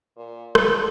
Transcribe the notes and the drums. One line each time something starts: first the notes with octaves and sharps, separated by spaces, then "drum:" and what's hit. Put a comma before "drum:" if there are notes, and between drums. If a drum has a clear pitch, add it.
A#2
A4, drum: rim click